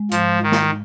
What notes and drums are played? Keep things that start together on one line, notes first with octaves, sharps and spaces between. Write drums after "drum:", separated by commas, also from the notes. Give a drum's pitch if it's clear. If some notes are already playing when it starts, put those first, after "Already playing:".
Already playing: G#3
G#2 F3, drum: hi-hat
G#3
D#3
G#2, drum: snare